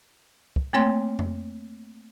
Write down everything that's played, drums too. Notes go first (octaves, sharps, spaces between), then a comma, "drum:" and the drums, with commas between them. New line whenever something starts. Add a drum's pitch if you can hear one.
drum: kick
A3 A#3 C4 C#5 G5 C6
drum: tom F2